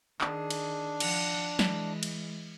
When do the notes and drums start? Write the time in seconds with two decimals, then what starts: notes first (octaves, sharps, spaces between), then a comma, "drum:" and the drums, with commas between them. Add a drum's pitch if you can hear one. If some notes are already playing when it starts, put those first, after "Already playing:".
0.21 D#3 D4 G#4, drum: clap
0.50 drum: cymbal
1.00 F3 F#5, drum: cymbal
1.59 E3 G#3, drum: snare
2.03 drum: cymbal